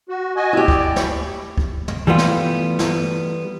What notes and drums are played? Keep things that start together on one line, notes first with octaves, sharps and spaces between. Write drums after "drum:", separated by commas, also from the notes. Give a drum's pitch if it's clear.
F#4
F#4 D#5 G#5
E4 G4
D5, drum: kick
B5 C#6, drum: snare
drum: kick
drum: tom
E3 G3 A3 B3 F4
drum: snare
drum: snare